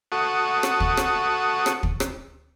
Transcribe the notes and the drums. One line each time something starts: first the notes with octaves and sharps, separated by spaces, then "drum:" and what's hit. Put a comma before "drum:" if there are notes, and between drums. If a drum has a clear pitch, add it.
F#4 A4 C#6 D#6
drum: rim click
drum: kick
drum: rim click
drum: rim click
drum: kick
drum: rim click